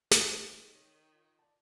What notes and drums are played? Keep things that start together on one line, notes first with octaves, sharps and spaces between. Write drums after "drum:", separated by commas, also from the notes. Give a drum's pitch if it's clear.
D#3 A#3 C4 C5, drum: snare
C#5 A#6
F4
D5 A5